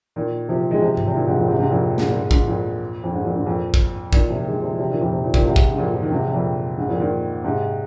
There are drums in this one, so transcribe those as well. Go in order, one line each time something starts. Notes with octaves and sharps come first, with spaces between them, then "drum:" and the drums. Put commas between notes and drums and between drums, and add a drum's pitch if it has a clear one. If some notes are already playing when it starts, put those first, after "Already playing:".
A#2 D#3
C3 F3
D#3 G#3
C3 F3
drum: tom G#2
C3
A#2 D#3
G#2 C3
F2 A#2
G#2 C3
G#2 C3
F2 A#2
G#2, drum: snare
A#2
G#2
A#2
G#2, drum: kick
F2 A#2
F2
G#2
F2 A#2
G#2
F2 A#2
drum: kick
A#2 D#3, drum: kick
C3 F3
D#3 G#3
C3 F3
C3 F3
A#2 D#3
F2 A#2
C3 F3
A#2 D#3
A#2 D#3, drum: kick
G#2 C3
drum: kick
G#2
F2 A#2
F3
D#3
G#2 C3
C3
F2 A#2
G#2
F2 A#2
A#2 D#3
G#2 C3